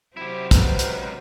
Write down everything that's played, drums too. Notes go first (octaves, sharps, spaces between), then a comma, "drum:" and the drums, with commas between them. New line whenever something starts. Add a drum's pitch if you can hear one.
C3 F#3 C4 E4 G4
C#2 A#4 B4, drum: kick, hi-hat
drum: hi-hat